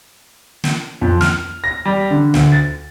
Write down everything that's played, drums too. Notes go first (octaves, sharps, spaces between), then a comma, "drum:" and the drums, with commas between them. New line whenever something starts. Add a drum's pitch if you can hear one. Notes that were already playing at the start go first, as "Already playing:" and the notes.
drum: snare
F2
F6, drum: snare
A#6
G3
D3
D2, drum: snare
A6